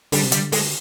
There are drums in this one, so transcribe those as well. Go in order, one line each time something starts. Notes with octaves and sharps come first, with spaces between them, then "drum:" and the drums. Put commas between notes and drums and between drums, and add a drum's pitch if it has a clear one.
D3 G3, drum: open hi-hat
C3
D3 G3, drum: hi-hat
G#3, drum: open hi-hat